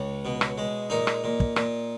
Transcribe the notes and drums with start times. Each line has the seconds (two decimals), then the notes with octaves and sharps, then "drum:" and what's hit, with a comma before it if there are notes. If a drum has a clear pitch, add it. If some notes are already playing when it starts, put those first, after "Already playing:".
Already playing: C#2 C#5
0.25 B2
0.41 drum: rim click
0.58 G#3
0.90 A#2 D#4
1.07 drum: rim click
1.24 A#2
1.40 drum: kick
1.56 A#2, drum: rim click